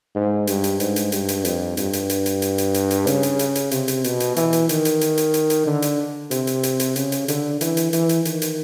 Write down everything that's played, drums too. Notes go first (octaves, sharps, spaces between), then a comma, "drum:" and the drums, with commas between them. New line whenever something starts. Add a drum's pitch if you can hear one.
G#2
G2, drum: hi-hat
drum: hi-hat
G#2, drum: hi-hat
drum: hi-hat
G2, drum: hi-hat
drum: hi-hat
F2, drum: hi-hat
G2, drum: hi-hat
drum: hi-hat
drum: hi-hat
drum: hi-hat
drum: hi-hat
drum: hi-hat
drum: hi-hat
drum: hi-hat
C#3, drum: hi-hat
drum: hi-hat
drum: hi-hat
drum: hi-hat
C3, drum: hi-hat
drum: hi-hat
B2, drum: hi-hat
drum: hi-hat
E3, drum: hi-hat
drum: hi-hat
D#3, drum: hi-hat
drum: hi-hat
drum: hi-hat
drum: hi-hat
drum: hi-hat
drum: hi-hat
D3
drum: hi-hat
C3, drum: hi-hat
drum: hi-hat
drum: hi-hat
drum: hi-hat
C#3, drum: hi-hat
drum: hi-hat
D3, drum: hi-hat
E3, drum: hi-hat
drum: hi-hat
E3, drum: hi-hat
drum: hi-hat
D#3, drum: hi-hat
drum: hi-hat